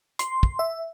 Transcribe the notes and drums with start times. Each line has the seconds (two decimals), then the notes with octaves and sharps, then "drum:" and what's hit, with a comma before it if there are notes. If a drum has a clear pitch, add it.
0.19 C6, drum: hi-hat
0.43 drum: kick
0.59 E5